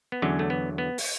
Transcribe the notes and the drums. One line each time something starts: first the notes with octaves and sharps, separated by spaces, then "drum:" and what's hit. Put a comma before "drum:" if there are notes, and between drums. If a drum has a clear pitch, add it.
B3
E2 D3 F#3 C#4
A3
B3
B3
drum: open hi-hat